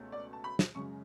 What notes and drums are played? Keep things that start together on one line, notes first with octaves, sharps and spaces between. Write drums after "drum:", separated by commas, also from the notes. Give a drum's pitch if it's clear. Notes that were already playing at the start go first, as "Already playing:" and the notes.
Already playing: C#2 B2 A3 C#4
D5
A5
B5
drum: snare
F#2 C#3 G#3 C#6